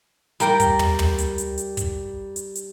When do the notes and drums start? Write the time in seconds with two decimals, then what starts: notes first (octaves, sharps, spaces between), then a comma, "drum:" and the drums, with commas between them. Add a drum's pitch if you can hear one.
0.40 G3 A#4 G5, drum: hi-hat
0.60 drum: kick, hi-hat
0.79 drum: tom
0.99 drum: tom
1.18 drum: hi-hat
1.38 drum: hi-hat
1.58 drum: hi-hat
1.77 drum: kick, hi-hat
2.36 drum: hi-hat
2.55 drum: hi-hat